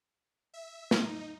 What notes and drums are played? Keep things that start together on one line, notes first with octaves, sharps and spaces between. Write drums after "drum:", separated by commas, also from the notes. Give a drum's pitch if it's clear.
E5
D#4, drum: snare